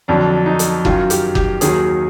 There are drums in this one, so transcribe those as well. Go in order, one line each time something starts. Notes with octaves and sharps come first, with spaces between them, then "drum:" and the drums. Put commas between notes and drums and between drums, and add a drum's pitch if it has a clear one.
F2 D3 F#3 D4
D#4
drum: hi-hat
F#2 D#3 F#3 F4, drum: kick F#1
G4, drum: hi-hat
G4, drum: kick F#1
D#2 D#3 F#3 G#4, drum: hi-hat